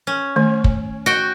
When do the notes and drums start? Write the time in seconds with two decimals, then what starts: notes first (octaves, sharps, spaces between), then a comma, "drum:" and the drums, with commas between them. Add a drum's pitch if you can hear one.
0.07 C#4
0.36 D#3 A3
0.64 drum: kick
1.06 F#4 G5